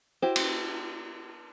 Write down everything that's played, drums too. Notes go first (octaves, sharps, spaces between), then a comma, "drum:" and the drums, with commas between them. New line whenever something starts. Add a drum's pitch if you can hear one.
E4 F#4 G4 C5
drum: cymbal